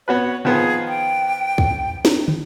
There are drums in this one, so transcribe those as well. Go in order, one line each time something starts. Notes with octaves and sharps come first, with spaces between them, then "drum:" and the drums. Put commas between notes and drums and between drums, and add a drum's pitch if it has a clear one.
B3 F#4 B4 C#5
D#3 F3 B3 G#4
G5
drum: kick
drum: snare
drum: tom